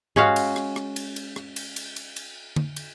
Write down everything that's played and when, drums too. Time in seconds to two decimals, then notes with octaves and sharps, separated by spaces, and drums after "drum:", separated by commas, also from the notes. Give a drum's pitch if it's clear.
0.16 G#3 C#4 F#4 F5, drum: tom G#2
0.36 drum: cymbal
0.56 drum: rim click
0.76 drum: rim click
0.96 drum: cymbal
1.16 drum: cymbal
1.36 drum: rim click
1.56 drum: cymbal
1.76 drum: cymbal
1.96 drum: cymbal
2.16 drum: cymbal
2.56 drum: tom
2.76 drum: cymbal